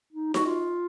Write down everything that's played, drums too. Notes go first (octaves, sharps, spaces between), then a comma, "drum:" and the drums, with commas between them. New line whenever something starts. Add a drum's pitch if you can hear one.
D#4
F#4, drum: snare D#4
F4